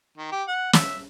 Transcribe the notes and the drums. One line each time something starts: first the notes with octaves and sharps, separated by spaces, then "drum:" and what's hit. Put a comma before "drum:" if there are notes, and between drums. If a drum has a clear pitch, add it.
D#3
G4
F#5
E5, drum: snare